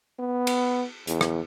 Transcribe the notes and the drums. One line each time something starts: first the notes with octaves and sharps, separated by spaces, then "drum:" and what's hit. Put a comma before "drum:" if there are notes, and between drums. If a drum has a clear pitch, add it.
B3
drum: cymbal
E2, drum: hi-hat
drum: rim click